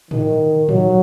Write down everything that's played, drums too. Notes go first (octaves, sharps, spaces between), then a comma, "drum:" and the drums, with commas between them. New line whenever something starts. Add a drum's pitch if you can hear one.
D#3, drum: tom
F#3, drum: tom